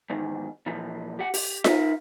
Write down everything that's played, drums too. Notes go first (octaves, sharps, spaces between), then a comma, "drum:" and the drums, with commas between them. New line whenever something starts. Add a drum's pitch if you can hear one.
E2 G#2 D#3
A#2 E3 F3
G4 F#5
G4, drum: open hi-hat
D#4 A#4 E5, drum: snare F4